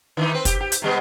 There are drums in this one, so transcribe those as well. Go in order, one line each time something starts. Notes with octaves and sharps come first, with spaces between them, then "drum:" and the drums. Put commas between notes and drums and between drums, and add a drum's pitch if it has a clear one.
D#3 E3 D#4
C4 B4
G4, drum: kick, hi-hat
G4
drum: hi-hat
C3 G3 B3